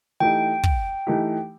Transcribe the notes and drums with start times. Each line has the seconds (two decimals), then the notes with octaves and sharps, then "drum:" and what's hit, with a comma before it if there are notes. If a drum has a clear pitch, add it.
0.20 E3 A3 D#4 G4 G5
0.63 drum: kick
1.07 E3 A3 D#4 G4